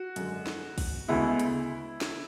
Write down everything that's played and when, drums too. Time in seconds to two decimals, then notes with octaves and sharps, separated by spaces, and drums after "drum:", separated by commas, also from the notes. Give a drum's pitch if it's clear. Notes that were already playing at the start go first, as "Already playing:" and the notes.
Already playing: F#4
0.16 F#2 D3 G#3, drum: hi-hat
0.47 drum: snare
0.78 drum: kick A#1, open hi-hat
1.08 D2 C#3 G#3 B3 E4
1.39 drum: hi-hat
2.01 drum: snare